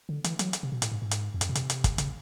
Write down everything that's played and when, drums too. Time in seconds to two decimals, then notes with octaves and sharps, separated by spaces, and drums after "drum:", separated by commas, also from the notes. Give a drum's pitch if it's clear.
0.09 D3
0.24 E3, drum: hi-hat
0.39 F#3, drum: hi-hat
0.53 drum: hi-hat
0.63 C3
0.72 B2
0.82 A2, drum: hi-hat
0.92 G#2
1.02 G#2
1.11 drum: hi-hat
1.34 F2
1.41 F#2, drum: hi-hat
1.49 B2
1.55 C3, drum: hi-hat
1.70 drum: hi-hat
1.84 drum: kick, hi-hat
1.98 C#3, drum: hi-hat